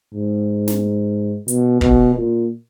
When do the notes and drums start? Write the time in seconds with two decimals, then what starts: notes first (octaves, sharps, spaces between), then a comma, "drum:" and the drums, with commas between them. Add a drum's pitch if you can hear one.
0.14 G#2
0.68 drum: snare
1.48 B2, drum: hi-hat
1.81 B2, drum: kick
2.15 A#2